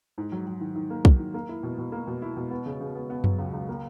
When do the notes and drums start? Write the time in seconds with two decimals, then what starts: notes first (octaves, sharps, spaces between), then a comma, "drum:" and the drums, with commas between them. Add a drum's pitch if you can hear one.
0.18 G#2
0.32 F#3
0.47 F#3
0.61 D#3
0.76 D#3
0.90 A#3
1.05 F#3, drum: kick
1.19 D#3
1.34 A#3
1.49 E4
1.63 B2
1.78 B2
1.92 A#3
2.07 B2
2.22 E4
2.36 B2
2.51 B3
2.66 C#3
2.80 C#3
2.95 B3
3.10 B3
3.24 F#3, drum: tom F#2
3.39 C#2
3.53 C#2
3.69 A#3